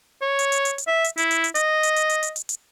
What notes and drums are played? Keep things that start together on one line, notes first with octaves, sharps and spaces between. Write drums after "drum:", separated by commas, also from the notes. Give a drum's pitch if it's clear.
C#5
drum: hi-hat
drum: hi-hat
drum: hi-hat
drum: hi-hat
E5
drum: hi-hat
E4, drum: hi-hat
drum: hi-hat
drum: hi-hat
D#5, drum: hi-hat
drum: hi-hat
drum: hi-hat
drum: hi-hat
drum: hi-hat
drum: hi-hat
drum: hi-hat